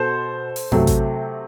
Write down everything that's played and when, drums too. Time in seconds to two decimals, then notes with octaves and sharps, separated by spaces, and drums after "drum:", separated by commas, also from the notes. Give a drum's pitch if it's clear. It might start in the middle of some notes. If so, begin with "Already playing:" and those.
Already playing: B2 A4 C5
0.56 drum: open hi-hat
0.72 C3 F#3 A3, drum: tom F#2
0.87 drum: kick A1, hi-hat